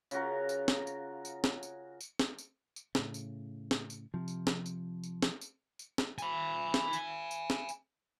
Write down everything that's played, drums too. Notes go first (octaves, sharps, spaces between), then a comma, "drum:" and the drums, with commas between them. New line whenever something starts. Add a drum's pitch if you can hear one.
C#3 F4 F#4 A#4, drum: tambourine
drum: tambourine
drum: snare
drum: tambourine
drum: tambourine
drum: snare
drum: tambourine
drum: tambourine
drum: snare
drum: tambourine
drum: tambourine
A2 C#3, drum: snare
drum: tambourine
drum: snare
drum: tambourine
C3 F3
drum: tambourine
drum: snare
drum: tambourine
drum: tambourine
drum: snare
drum: tambourine
drum: tambourine
drum: snare
G#5 B5, drum: tambourine
drum: snare
drum: tambourine
drum: tambourine
drum: snare
drum: tambourine